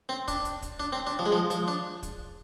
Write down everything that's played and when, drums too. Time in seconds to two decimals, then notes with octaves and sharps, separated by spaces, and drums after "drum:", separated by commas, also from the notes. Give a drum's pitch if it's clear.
0.09 C4
0.28 D4, drum: kick, hi-hat
0.45 drum: hi-hat
0.62 drum: kick, hi-hat
0.80 D4
0.93 C4
1.07 D4
1.19 F3
1.26 G#3
1.32 F3
1.50 F3, drum: hi-hat
1.68 D4
2.03 drum: kick, hi-hat